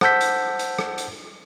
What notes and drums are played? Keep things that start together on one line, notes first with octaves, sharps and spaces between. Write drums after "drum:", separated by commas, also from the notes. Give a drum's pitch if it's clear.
C5 F#5 A5 E6 G6 B6, drum: rim click
drum: hi-hat
drum: hi-hat
drum: rim click
drum: hi-hat